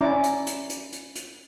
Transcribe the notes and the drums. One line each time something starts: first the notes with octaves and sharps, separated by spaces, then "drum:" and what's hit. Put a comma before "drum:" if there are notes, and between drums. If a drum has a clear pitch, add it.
C#4 E4 D5 A#5 D6
drum: hi-hat
drum: hi-hat
drum: hi-hat
drum: hi-hat
drum: hi-hat